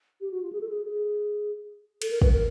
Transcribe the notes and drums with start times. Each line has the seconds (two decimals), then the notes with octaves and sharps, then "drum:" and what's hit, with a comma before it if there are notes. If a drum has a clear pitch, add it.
0.21 G4
0.31 F#4
0.42 F4
0.52 G#4
0.61 A4
0.69 G#4
0.85 G#4
2.02 A4, drum: cymbal
2.10 A#4
2.22 B4, drum: kick
2.32 A#4